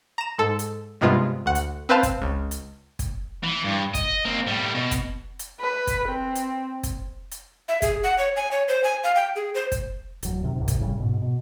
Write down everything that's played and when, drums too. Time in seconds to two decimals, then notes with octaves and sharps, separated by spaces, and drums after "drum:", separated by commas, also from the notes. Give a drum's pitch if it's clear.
0.18 A#5 E7
0.38 G#2 A4
0.59 drum: hi-hat
1.01 G2 C3 G#3 B3 F4
1.46 D2 F#5
1.55 drum: hi-hat
1.89 C4 B4 C5 F5 A5
2.03 drum: kick, hi-hat
2.22 C#2
2.51 drum: hi-hat
2.99 drum: kick, hi-hat
3.44 E3
3.65 G2
3.95 D#5, drum: kick, hi-hat
4.25 A#3 C4
4.47 A2 G3
4.74 B2
4.91 drum: kick, hi-hat
5.39 drum: hi-hat
5.60 B4
5.87 drum: kick, hi-hat
6.09 C4
6.35 drum: hi-hat
6.83 drum: kick, hi-hat
7.31 drum: hi-hat
7.68 E5
7.82 G#4, drum: kick, hi-hat
8.03 F#5
8.18 C#5
8.36 G#5
8.51 C#5
8.68 C5
8.84 G#5
9.04 F5
9.15 G5
9.36 G#4
9.55 C5
9.72 drum: kick, hi-hat
10.23 D1 F#3, drum: hi-hat
10.43 F#2 C3 D#3
10.56 C2 G2 C3
10.68 drum: kick, hi-hat
10.80 A2 C#3 F3 G3
11.00 G#2 B2
11.22 B2